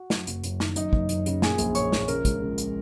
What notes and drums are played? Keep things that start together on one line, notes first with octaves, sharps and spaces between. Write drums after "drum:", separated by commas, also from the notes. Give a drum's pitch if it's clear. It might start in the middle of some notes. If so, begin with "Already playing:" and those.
Already playing: F#4
F#2, drum: snare
F#1, drum: hi-hat
F#1, drum: hi-hat
D#3, drum: snare
F#2 D#4 D#5, drum: hi-hat
F#1, drum: kick
F#1, drum: hi-hat
C#3, drum: hi-hat
A#2 G#4 G#5, drum: snare
A#1, drum: hi-hat
A#2 C#5 C#6, drum: hi-hat
A#1, drum: snare
C#3 A#4, drum: hi-hat
C#2, drum: kick, hi-hat
C#3
drum: hi-hat